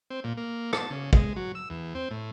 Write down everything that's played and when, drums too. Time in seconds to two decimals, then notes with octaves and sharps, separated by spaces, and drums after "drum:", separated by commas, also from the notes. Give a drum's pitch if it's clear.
0.10 C4
0.24 A#2
0.37 A#3
0.73 A5, drum: rim click
0.91 C#3
1.13 G#3, drum: kick
1.36 F#3
1.55 E6
1.70 E2
1.95 C4
2.11 A2